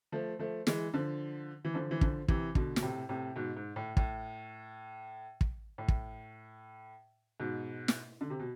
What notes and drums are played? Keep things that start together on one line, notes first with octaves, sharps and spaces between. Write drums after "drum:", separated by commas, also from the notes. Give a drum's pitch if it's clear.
F3 A3
F3 A3
E3 G#3, drum: snare
D3 F3
E3
D3 F3
E3
D3 F3, drum: kick
C3 E3, drum: kick
B2 D3, drum: kick
B2, drum: snare
A2 C3
A2 C3
G#2 B2
G#2
A2
A2, drum: kick
drum: kick
A2
drum: kick
G#2 B2
drum: snare
D3
C3
B2